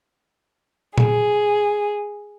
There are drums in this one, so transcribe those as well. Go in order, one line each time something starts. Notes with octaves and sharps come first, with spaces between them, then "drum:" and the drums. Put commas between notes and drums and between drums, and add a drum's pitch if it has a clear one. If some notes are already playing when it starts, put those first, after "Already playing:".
G#4, drum: tom A#2